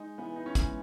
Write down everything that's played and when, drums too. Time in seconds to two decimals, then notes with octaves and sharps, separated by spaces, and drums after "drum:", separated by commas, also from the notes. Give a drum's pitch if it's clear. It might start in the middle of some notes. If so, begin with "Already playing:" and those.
Already playing: G#3 D#4
0.18 E3 B3
0.36 D#4
0.46 C#4
0.55 G#3 B3, drum: kick, hi-hat